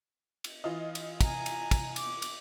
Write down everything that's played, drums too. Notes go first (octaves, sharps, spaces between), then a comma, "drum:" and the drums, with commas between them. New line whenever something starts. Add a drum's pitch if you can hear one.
drum: cymbal
E3 F4 D#5
drum: cymbal
G#5 A#5, drum: kick, cymbal
drum: cymbal
drum: kick, cymbal
D6, drum: cymbal
drum: cymbal